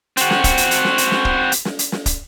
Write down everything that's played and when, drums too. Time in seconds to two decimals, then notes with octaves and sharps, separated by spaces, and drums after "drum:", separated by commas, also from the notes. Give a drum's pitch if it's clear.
0.17 C4 F#4, drum: hi-hat
0.30 drum: snare
0.44 drum: kick, hi-hat
0.57 drum: hi-hat
0.71 drum: hi-hat
0.84 drum: snare
0.98 drum: hi-hat
1.11 drum: snare
1.25 drum: kick
1.52 drum: hi-hat
1.65 drum: snare
1.79 drum: hi-hat
1.92 drum: snare
2.06 drum: kick, hi-hat